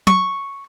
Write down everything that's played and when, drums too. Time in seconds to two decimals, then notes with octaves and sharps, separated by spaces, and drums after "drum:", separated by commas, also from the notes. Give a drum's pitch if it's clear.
0.07 C#6, drum: tom